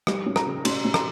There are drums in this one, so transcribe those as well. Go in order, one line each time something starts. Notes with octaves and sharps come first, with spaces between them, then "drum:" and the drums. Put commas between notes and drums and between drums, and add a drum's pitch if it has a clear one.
G3, drum: rim click
C#4
A#5, drum: rim click
C#3
C#4 C6, drum: cymbal
C#4
A#5, drum: rim click